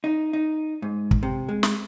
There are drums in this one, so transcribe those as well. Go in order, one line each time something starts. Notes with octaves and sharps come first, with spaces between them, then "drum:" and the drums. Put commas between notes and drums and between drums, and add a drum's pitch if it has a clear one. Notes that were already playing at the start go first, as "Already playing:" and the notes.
D#4
D#4
G#2
drum: kick
C3
G#3
drum: snare